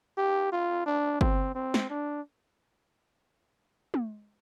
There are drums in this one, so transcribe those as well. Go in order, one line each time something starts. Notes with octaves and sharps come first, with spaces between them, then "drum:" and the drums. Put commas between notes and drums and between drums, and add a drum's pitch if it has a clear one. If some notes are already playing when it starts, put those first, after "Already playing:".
G4
F4
D4
C4, drum: kick G1
C4
drum: snare
D4
drum: tom